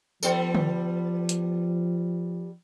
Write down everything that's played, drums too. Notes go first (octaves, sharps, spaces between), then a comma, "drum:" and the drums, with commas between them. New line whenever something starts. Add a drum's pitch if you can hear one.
F3 G3 B3 A4, drum: tambourine
drum: tom D3
drum: hi-hat